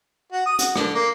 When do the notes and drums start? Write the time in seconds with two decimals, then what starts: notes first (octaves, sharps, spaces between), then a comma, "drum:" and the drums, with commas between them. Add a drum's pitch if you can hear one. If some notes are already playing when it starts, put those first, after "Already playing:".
0.32 F#4
0.46 D#6
0.59 F#4, drum: hi-hat
0.76 D3, drum: rim click
0.94 A#3